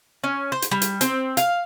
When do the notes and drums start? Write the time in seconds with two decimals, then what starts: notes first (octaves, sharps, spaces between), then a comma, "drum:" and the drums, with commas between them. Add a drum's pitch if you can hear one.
0.24 C#4
0.52 C5
0.62 drum: hi-hat
0.71 G3
0.82 drum: hi-hat
1.01 C4, drum: hi-hat
1.37 F5, drum: hi-hat